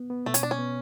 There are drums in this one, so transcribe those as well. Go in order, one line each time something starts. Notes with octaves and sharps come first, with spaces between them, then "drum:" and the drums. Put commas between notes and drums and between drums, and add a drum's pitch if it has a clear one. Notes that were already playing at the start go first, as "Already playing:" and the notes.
Already playing: B3
B3
B2 A3
C#4, drum: hi-hat
B2 D4
C#4
B3